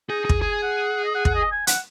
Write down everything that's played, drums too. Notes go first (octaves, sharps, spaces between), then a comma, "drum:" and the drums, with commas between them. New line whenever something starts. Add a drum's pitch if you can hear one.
D#4 G#4
D#4 G#4
drum: kick
G#4 G#5
G#5
F#5
D#5
F#5
F#5, drum: kick
D#5
G#5
F#5, drum: hi-hat